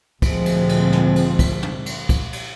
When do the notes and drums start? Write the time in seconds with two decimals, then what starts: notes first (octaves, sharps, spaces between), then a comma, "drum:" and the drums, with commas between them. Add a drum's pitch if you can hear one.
0.22 D2 A#2 F3 G#3 C4, drum: kick, cymbal
0.46 drum: cymbal
0.69 drum: cymbal
0.92 drum: snare
1.16 drum: cymbal
1.39 drum: kick, cymbal
1.63 drum: tom
1.86 drum: cymbal
2.09 drum: kick, cymbal
2.33 drum: cymbal